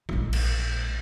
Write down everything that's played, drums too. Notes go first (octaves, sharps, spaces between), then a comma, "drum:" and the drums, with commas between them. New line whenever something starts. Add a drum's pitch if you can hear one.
A#1 G#3, drum: kick
drum: cymbal